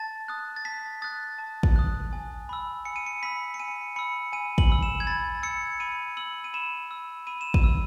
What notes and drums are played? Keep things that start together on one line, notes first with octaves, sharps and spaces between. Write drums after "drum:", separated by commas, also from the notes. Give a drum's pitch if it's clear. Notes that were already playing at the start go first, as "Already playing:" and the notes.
Already playing: A5 A6
D#6 F#6
A6
A5 B6
D#6 F#6 A6
A5
drum: kick
D#6 F#6
G#5
B5 E6
G#5 C#7
D#7
C#7
B5 E6 B6
C#7
G#5 D#7
B5 E6 C#7
G#5 D#7
F#7, drum: kick
B5 E6
E7
G#6
B5 A6
E6 C#7
B5 D#7
E6 F#7
D#7
B5 E7
E6
B5 D#7
E7
D#7, drum: kick
E6